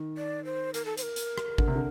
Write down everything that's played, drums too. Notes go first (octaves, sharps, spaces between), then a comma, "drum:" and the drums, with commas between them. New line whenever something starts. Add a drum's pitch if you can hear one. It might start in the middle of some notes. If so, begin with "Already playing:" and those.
Already playing: D#3
D5
C5
A#4, drum: hi-hat
A4
C5, drum: hi-hat
A#4
drum: hi-hat
drum: rim click
D3, drum: kick G#1
C3
D3